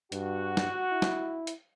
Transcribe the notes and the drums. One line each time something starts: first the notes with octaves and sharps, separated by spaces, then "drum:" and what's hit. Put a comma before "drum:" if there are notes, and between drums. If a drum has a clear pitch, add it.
G2 F#4, drum: hi-hat
drum: snare
E4
drum: snare
drum: hi-hat